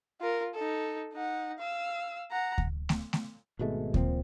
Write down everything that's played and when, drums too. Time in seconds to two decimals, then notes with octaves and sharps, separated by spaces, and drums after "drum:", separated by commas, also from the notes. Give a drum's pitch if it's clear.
0.21 F4 A#4
0.54 D#4 A4
1.13 D#4 F#5
1.58 F5 E6
2.31 F#5 A#5
2.58 drum: kick D2
2.89 drum: snare A3
3.13 drum: snare A3
3.59 G#1 B2 G#3 A3
3.94 A#2 F3 C4, drum: kick D2